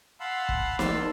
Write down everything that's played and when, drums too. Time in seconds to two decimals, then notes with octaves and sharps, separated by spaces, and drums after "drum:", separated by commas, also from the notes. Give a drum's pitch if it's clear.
0.20 F5 F#5 A5 B5 C6 E6
0.49 drum: kick
0.79 A5 C6 E6, drum: snare